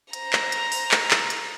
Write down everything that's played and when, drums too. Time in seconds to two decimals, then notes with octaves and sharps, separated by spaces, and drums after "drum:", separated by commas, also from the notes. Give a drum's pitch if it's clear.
0.13 C5 A#5, drum: hi-hat
0.33 drum: clap
0.52 drum: hi-hat
0.72 drum: open hi-hat
0.91 drum: clap
1.11 drum: clap
1.30 drum: hi-hat